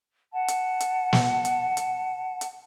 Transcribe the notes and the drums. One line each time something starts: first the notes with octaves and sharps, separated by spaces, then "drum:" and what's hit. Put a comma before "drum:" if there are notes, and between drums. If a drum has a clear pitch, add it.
F#5 A5
drum: hi-hat
drum: hi-hat
drum: snare
drum: hi-hat
drum: hi-hat
drum: hi-hat